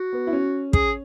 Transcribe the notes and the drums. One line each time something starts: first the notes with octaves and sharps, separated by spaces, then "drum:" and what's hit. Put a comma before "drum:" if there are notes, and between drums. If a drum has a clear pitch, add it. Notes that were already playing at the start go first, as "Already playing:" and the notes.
Already playing: F#4
B3
E4
C#4
G#4, drum: kick